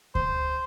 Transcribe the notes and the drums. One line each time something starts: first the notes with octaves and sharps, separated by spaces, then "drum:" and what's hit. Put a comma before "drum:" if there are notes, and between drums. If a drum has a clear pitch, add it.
C5, drum: kick D2